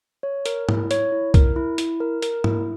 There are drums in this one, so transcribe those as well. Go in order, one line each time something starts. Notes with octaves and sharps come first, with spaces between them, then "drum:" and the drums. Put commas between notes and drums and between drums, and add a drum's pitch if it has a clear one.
C#5
A#4, drum: hi-hat
E4, drum: tom G#2
C#5, drum: hi-hat
E4
A#4, drum: kick B1, hi-hat
E4
E4, drum: hi-hat
A#4
A#4, drum: hi-hat
E4, drum: tom G#2